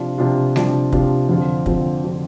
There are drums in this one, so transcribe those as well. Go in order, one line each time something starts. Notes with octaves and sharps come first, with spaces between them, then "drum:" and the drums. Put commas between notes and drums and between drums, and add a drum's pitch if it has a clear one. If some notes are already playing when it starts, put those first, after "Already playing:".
Already playing: C3 F3 D4 F4
C3 F3 D4 F4
C3 F3 D4 F4, drum: snare G3
C3 F3 D4 F4, drum: kick
F2 D3 F3 C4 F4
F2 D3 F3 C4 F4, drum: kick
D3 F3 C4 F4